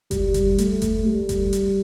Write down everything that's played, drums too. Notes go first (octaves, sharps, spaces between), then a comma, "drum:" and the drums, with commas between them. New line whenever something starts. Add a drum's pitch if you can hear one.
G3, drum: kick F#1, hi-hat
drum: kick F#1, hi-hat
A3, drum: hi-hat
drum: kick F#1, hi-hat
G3
drum: kick F#1, hi-hat
drum: hi-hat